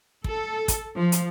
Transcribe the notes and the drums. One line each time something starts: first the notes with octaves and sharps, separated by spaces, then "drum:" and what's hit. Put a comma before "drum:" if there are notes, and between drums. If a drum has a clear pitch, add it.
A4, drum: kick
drum: kick, hi-hat
F3
drum: hi-hat